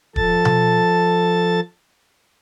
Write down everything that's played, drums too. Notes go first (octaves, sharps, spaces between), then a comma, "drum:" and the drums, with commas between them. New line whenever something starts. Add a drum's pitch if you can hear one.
F3 A4 A5 A6, drum: kick D#1
drum: tom B2